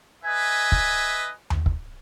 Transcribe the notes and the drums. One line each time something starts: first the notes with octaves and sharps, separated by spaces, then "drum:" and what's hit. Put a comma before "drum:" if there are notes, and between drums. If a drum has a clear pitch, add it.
B4 D#5 E5 G#5
drum: kick
drum: tom D#2
drum: kick